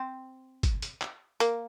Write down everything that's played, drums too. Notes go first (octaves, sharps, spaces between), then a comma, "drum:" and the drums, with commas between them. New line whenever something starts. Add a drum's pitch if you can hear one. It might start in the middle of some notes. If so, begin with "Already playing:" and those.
Already playing: C4
drum: kick G#1, hi-hat
drum: hi-hat
drum: clap
A#3, drum: hi-hat